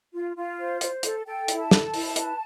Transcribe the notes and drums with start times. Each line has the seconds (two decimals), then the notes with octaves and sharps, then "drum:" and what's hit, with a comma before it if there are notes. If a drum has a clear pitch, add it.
0.14 F4
0.36 F4
0.58 C5
0.81 C5, drum: hi-hat
1.03 A4, drum: hi-hat
1.26 A4 G5
1.48 E4, drum: hi-hat
1.60 A5
1.71 A4, drum: snare
1.94 E4, drum: open hi-hat
2.16 B4, drum: hi-hat